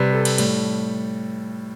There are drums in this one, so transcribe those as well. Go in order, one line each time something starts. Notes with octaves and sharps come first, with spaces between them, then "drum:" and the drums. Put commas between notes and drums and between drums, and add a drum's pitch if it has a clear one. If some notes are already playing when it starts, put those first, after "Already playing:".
Already playing: C3 G3 B4
A4
drum: cymbal
A2 G3, drum: cymbal